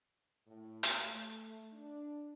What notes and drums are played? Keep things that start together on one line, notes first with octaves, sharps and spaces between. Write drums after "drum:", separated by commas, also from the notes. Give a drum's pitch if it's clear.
A2
drum: hi-hat
A3
D4